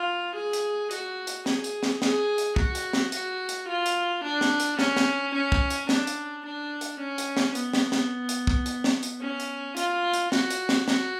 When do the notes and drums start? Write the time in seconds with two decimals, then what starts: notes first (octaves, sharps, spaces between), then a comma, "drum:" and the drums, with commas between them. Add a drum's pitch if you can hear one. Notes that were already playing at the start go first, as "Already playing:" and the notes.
Already playing: F4
0.35 G#4
0.53 drum: hi-hat
0.91 F#4, drum: hi-hat
1.27 drum: hi-hat
1.46 G#4, drum: snare
1.64 drum: hi-hat
1.83 drum: snare
2.02 G#4, drum: snare
2.38 drum: hi-hat
2.56 F#4, drum: kick
2.75 drum: hi-hat
2.93 drum: snare
3.12 F#4, drum: hi-hat
3.49 drum: hi-hat
3.68 F4
3.86 drum: hi-hat
4.23 D4
4.41 drum: snare
4.60 drum: hi-hat
4.79 C#4, drum: snare
4.97 drum: snare
5.34 C#4
5.52 drum: kick
5.70 drum: hi-hat
5.89 D4, drum: snare
6.07 drum: hi-hat
6.45 D4
6.81 drum: hi-hat
6.99 C#4
7.18 drum: hi-hat
7.37 drum: snare
7.55 B3, drum: hi-hat
7.73 drum: snare
7.92 drum: snare
8.29 drum: hi-hat
8.47 drum: kick
8.66 drum: hi-hat
8.84 drum: snare
9.03 drum: hi-hat
9.21 C#4
9.40 drum: hi-hat
9.77 F4, drum: hi-hat
10.14 drum: hi-hat
10.32 F#4, drum: snare
10.50 drum: hi-hat
10.69 drum: snare
10.88 F#4, drum: snare